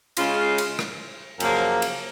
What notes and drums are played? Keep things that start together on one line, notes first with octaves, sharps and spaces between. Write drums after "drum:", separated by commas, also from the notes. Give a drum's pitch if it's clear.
C#3 G#3 C#4 F4, drum: cymbal
drum: cymbal
drum: rim click
F#2 C#3 F3 A#3, drum: cymbal
drum: cymbal